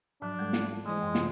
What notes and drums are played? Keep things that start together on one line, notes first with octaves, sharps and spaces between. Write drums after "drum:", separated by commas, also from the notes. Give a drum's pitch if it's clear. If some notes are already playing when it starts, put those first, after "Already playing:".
G#2 F3 F#3 D4
G3 G#3 A4
drum: snare
E3 G#3 E4 C5
F#2 C6
C3 E4 F4, drum: snare